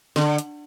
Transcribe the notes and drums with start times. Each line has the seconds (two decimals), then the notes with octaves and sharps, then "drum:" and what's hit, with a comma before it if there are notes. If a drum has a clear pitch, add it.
0.16 D3, drum: snare
0.38 drum: hi-hat